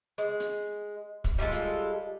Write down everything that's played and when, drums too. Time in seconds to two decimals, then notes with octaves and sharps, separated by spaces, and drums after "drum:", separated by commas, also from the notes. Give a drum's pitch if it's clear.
0.18 G#3
0.40 drum: hi-hat
1.24 drum: kick, hi-hat
1.38 G3 G#3 F4 A4
1.52 drum: hi-hat